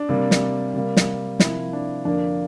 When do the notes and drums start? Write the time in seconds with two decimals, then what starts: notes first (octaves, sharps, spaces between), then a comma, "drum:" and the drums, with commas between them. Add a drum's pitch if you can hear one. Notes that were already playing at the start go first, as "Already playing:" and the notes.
Already playing: D4
0.09 C3 G3 A#3
0.31 drum: snare
0.74 C3 G3 A#3
0.97 drum: snare
1.40 C3 F3 A#3 E4, drum: snare
1.73 D4
2.05 F2 D3 F3 A#3 D4